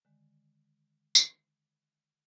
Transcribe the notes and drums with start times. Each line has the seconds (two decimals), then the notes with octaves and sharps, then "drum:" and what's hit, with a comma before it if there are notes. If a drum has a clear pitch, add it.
0.05 D3 D#3 G#3
1.15 drum: tambourine